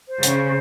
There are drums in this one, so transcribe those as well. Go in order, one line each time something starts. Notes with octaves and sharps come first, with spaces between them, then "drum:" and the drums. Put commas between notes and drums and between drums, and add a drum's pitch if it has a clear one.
C5
C#3, drum: hi-hat